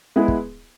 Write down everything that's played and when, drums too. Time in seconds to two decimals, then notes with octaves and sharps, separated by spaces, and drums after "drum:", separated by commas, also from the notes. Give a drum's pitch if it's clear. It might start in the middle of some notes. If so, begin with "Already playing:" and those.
0.16 G#3 B3 E4 G#4
0.28 drum: kick